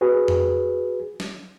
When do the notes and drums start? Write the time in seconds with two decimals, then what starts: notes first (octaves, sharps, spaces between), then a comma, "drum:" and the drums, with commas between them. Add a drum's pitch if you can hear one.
0.01 F#4 G#4 B4
0.28 drum: tom F2
1.20 drum: snare